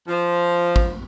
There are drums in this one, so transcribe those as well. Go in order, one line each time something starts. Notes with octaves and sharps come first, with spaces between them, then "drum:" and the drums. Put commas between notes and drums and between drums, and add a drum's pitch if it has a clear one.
F3
drum: kick